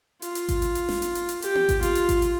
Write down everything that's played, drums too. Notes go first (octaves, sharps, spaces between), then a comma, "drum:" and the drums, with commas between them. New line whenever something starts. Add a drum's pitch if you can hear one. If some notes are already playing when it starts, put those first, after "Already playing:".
F4, drum: hi-hat
drum: hi-hat
drum: kick G#1, hi-hat
drum: hi-hat
drum: hi-hat
drum: snare
drum: hi-hat
drum: hi-hat
drum: hi-hat
G4, drum: hi-hat
drum: tom B3
drum: kick G#1, hi-hat
F4, drum: hi-hat
drum: hi-hat
drum: kick G#1, hi-hat
drum: hi-hat